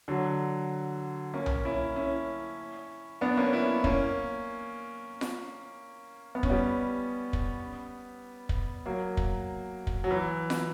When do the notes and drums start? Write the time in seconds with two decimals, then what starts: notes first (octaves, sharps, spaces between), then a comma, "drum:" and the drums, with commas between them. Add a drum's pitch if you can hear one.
0.08 D3 F#3
1.34 A#3 C#4
1.46 drum: tom B1
1.65 C#4 E4
1.96 C#4 E4
3.21 B3 D4
3.37 A#3 C#4
3.53 C#4 E4
3.84 A#3 C#4, drum: kick
5.21 drum: snare F4
6.35 B3
6.43 C#4, drum: kick
6.50 G3 B3
7.33 drum: kick
8.49 drum: kick
8.86 F#3 A#3
9.17 drum: kick
9.87 drum: kick
10.04 F#3
10.11 E3
10.50 drum: snare F4